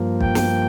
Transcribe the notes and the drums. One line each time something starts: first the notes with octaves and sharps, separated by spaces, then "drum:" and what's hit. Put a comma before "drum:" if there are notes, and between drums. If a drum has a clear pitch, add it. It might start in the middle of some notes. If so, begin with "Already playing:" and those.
Already playing: G2 F3 A#3
G5, drum: kick
drum: snare